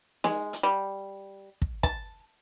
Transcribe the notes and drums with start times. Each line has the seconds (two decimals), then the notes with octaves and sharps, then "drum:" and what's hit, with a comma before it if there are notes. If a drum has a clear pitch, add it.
0.24 G#3, drum: snare
0.53 drum: hi-hat
0.63 G3
1.62 drum: kick
1.83 A5, drum: kick